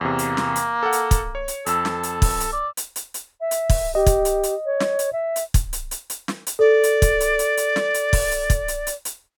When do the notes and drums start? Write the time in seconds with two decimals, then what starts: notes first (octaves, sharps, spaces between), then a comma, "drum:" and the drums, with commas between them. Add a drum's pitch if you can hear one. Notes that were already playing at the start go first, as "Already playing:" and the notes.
0.01 E2 C3 A#3
0.19 drum: hi-hat
0.37 drum: snare
0.56 drum: hi-hat
0.83 A4 F#5
0.92 drum: hi-hat
1.11 drum: kick, hi-hat
1.35 C#5
1.48 drum: hi-hat
1.66 F2 A4 E6, drum: hi-hat
1.85 drum: snare
2.03 drum: hi-hat
2.22 drum: kick, open hi-hat
2.40 drum: hi-hat
2.52 D5
2.77 drum: hi-hat
2.96 drum: hi-hat
3.14 drum: hi-hat
3.41 E5
3.51 drum: hi-hat
3.70 drum: kick, open hi-hat
3.95 G4 D#5
4.06 drum: kick, hi-hat
4.25 drum: hi-hat
4.43 drum: hi-hat
4.66 C#5
4.80 drum: snare
4.99 drum: hi-hat
5.13 E5
5.36 drum: hi-hat
5.54 drum: kick, hi-hat
5.73 drum: hi-hat
5.91 drum: hi-hat
6.10 drum: hi-hat
6.28 drum: snare
6.47 drum: hi-hat
6.59 A4 D5
6.83 drum: hi-hat
7.02 drum: kick, hi-hat
7.20 drum: hi-hat
7.39 drum: hi-hat
7.57 drum: hi-hat
7.76 drum: snare
7.94 drum: hi-hat
8.13 drum: kick, open hi-hat
8.31 drum: hi-hat
8.50 drum: kick, hi-hat
8.68 drum: hi-hat
8.87 drum: hi-hat
9.05 drum: hi-hat